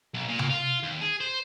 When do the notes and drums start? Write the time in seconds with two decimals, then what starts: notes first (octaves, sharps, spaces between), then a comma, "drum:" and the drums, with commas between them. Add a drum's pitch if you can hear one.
0.14 B1
0.28 A#2
0.39 drum: tom C3
0.50 F4
0.83 D#2
1.01 G#4
1.21 C5